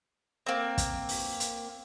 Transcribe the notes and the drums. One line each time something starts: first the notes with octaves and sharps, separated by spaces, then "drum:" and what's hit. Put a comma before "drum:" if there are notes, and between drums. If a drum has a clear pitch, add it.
A#3 C4
drum: kick, hi-hat
drum: open hi-hat
drum: hi-hat